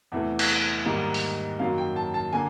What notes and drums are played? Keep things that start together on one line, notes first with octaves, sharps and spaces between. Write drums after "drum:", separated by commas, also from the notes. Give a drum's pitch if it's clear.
E2 C3 E3 A3 E5
drum: cymbal
G#2 D#3 G3 A#3
drum: open hi-hat
F#2 D#3 F#3 A#3 F5
G5
A5
A5
D3 A#3 G#5